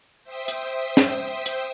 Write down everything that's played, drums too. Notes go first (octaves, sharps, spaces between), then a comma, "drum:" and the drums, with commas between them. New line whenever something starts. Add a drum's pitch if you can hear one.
C5 E5 G5 D#6 B6
drum: hi-hat
drum: snare
drum: hi-hat